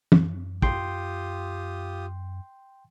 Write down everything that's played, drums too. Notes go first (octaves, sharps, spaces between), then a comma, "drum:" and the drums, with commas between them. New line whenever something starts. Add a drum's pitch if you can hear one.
F#2, drum: tom
F4 G4 G5 C6 D#6, drum: kick